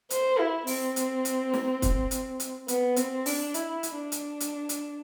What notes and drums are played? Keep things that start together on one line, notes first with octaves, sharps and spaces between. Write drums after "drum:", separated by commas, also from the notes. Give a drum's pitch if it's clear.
C5, drum: hi-hat
E4
C4, drum: open hi-hat
drum: hi-hat
drum: hi-hat
drum: snare
drum: kick, hi-hat
drum: hi-hat
drum: hi-hat
B3, drum: hi-hat
C4, drum: hi-hat
D4, drum: open hi-hat
E4, drum: hi-hat
drum: hi-hat
D4
drum: hi-hat
drum: hi-hat
drum: hi-hat